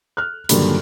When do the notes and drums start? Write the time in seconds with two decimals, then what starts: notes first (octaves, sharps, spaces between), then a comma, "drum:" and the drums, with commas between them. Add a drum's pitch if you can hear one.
0.17 F6 F#6
0.49 G2 A#2 D3 D#3 F#3, drum: hi-hat